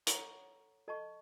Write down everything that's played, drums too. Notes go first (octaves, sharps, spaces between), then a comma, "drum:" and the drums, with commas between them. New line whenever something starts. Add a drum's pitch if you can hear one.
A4 C#5 F#5 A#5 C#6, drum: hi-hat
A4 D#5 A5 C#6